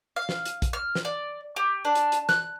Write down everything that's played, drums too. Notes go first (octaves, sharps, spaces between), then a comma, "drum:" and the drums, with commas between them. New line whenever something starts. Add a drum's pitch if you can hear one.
F5
drum: snare
drum: hi-hat
drum: kick A#1, hi-hat
F6
drum: snare
D5
G4
D4
drum: hi-hat
drum: hi-hat
F#6, drum: snare